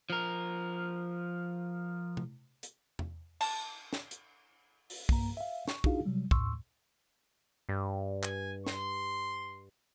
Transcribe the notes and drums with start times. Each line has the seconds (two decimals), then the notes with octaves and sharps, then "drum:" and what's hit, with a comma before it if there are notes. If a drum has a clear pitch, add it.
0.10 F3 A#4
2.17 drum: tom C3
2.63 drum: hi-hat
2.99 drum: tom E2
3.41 A5, drum: cymbal
3.93 drum: snare
4.11 drum: hi-hat
4.90 drum: open hi-hat
5.09 B1 G2 A#3 A#5, drum: kick
5.37 E5 F5
5.68 C#6, drum: snare
5.84 D4 D#4 F4 F#4 G#4 F5, drum: kick
6.05 C3 F#3 G3
6.31 D#2 A2 C6 C#6 E6, drum: kick
7.69 G2
8.23 G#5, drum: clap
8.67 C6, drum: snare